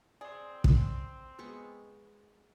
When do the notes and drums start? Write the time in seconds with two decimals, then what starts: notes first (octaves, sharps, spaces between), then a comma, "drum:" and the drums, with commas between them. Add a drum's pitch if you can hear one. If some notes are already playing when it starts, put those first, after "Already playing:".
0.21 C4 G#4 D5 C6
0.64 drum: kick
1.39 G#3 B3 C#6